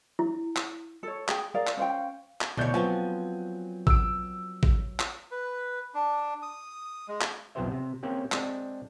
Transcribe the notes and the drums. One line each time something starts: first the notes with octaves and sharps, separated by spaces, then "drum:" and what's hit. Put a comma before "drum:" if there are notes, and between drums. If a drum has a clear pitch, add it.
E4
drum: clap
A4 C#5
G#4 G5, drum: clap
G#4 A#4 D5 F5
drum: clap
C#4 C5 F5 G5
drum: clap
D2 B2 E4 C#5 D5 G6
F3 F#3 B3 C4 G#5
E6 D7, drum: kick A1
drum: kick A1
drum: clap
B4
D4
D#6
G#3
drum: clap
B1 F2 B3 G4 C5 E5
C3
A#3 C4 C#4 G4
G#3 C4 D4, drum: clap